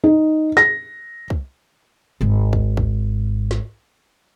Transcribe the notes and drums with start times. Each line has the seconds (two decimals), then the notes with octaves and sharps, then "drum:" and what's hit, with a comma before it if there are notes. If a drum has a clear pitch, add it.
0.04 D#4
0.57 A#6, drum: snare
1.30 drum: kick
2.21 G#1 G#2
2.53 drum: kick
2.77 drum: kick
3.51 drum: snare